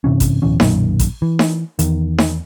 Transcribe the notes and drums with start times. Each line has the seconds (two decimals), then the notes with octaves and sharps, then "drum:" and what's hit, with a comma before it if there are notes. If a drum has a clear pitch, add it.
0.04 G2 C3 E3 C#4
0.20 drum: kick A1, hi-hat
0.42 D1 B2 E3 C#4
0.60 B1 F#2 A#2 D#3, drum: snare D#4
1.00 drum: kick A1, hi-hat
1.22 E3
1.39 drum: snare D#4
1.79 E2 D#3, drum: hi-hat
2.18 drum: snare D#4